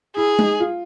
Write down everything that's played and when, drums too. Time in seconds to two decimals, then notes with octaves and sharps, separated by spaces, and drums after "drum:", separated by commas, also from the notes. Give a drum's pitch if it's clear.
0.16 E4 G#4
0.39 D#4, drum: tom
0.60 F4